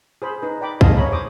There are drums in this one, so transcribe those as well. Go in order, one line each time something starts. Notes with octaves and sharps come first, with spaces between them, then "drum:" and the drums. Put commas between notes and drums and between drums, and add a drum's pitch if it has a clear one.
G#4 C5 B5
D#4 B4
D5 G5 B5 D6
G#4 D#5 F5 A5, drum: kick
C#5 A#5 B5
C5 D6 D#6